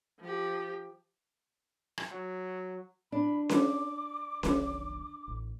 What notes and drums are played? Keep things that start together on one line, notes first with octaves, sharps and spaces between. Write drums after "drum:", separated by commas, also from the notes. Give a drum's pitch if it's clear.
F3 G4
drum: rim click
F#3
D4 B5
D6, drum: snare C#4
F1 B1 D#3, drum: snare C#4
A1